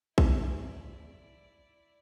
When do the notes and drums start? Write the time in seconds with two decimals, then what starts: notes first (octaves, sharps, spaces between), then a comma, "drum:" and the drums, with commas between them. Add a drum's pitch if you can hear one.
0.18 E4 D5, drum: kick